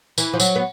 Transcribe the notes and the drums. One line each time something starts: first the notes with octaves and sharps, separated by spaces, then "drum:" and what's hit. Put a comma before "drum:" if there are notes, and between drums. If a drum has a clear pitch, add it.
E3, drum: tambourine
F3
F#3, drum: tambourine
B3